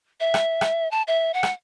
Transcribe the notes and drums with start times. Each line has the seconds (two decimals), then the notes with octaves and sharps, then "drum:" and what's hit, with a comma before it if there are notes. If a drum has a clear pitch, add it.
0.20 E5
0.34 drum: rim click
0.61 drum: rim click
0.91 A5
1.08 E5
1.34 F#5
1.43 drum: rim click